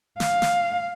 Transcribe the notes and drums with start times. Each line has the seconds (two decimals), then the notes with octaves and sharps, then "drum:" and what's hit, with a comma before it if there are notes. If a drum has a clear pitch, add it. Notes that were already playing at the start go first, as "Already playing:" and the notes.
0.20 F5, drum: snare
0.42 drum: snare